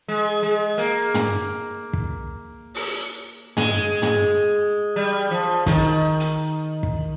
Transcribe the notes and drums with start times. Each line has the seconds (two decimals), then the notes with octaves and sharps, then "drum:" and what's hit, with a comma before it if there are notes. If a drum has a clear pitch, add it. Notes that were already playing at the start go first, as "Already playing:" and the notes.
0.08 G#3
0.43 G#3
0.78 A#3, drum: hi-hat
1.14 drum: tom
1.93 drum: kick
2.75 drum: open hi-hat
3.57 G#3, drum: tom
4.02 drum: tom
4.96 G3
5.31 F3
5.66 D#3, drum: snare
6.19 drum: hi-hat
6.83 drum: kick